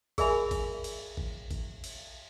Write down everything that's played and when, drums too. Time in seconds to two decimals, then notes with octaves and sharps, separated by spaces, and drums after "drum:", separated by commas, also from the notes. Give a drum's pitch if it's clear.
0.18 G#4 A#4 D5 E5 G#5 B5, drum: kick A1, cymbal
0.51 drum: kick A1, cymbal
0.84 drum: cymbal
1.17 drum: kick A1
1.51 drum: kick A1, cymbal
1.84 drum: cymbal